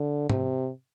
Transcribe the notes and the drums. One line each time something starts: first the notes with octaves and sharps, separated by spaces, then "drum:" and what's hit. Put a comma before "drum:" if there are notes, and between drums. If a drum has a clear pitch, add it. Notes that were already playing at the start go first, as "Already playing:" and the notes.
Already playing: D3
C3, drum: tom G#2